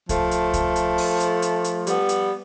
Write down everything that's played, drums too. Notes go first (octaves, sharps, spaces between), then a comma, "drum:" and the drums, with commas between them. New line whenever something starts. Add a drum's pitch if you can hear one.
F3 A3, drum: kick C2, hi-hat
drum: hi-hat
drum: kick C2, hi-hat
drum: hi-hat
drum: open hi-hat
drum: hi-hat
drum: hi-hat
drum: hi-hat
G3 B3, drum: hi-hat
drum: hi-hat